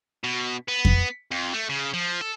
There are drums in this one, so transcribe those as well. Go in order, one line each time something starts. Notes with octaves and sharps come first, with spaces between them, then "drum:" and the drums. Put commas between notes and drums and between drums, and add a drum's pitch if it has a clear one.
B2
B3
drum: kick F2
F2
A3
C#3
F3
A4